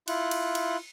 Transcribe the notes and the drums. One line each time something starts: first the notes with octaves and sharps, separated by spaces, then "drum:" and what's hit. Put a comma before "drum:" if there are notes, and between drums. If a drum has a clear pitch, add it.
E4 F4 F#6, drum: cymbal
drum: cymbal
drum: cymbal